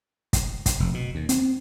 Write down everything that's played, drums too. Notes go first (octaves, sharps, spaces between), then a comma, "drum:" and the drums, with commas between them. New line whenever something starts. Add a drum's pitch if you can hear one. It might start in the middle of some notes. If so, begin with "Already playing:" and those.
drum: kick, hi-hat
drum: kick, hi-hat
F1
B2
D#2
C4, drum: hi-hat